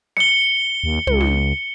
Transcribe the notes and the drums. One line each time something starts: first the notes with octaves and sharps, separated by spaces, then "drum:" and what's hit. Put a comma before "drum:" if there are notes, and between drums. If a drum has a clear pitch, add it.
C#7 G7, drum: snare
D#2
C#2, drum: tom
drum: snare